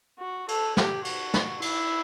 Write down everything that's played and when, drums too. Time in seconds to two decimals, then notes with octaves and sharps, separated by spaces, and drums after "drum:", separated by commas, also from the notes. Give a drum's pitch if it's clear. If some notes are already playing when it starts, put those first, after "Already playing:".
0.19 F#4
0.48 A4, drum: cymbal
0.77 G4, drum: snare
1.05 F#4, drum: cymbal
1.34 drum: snare
1.62 E4, drum: cymbal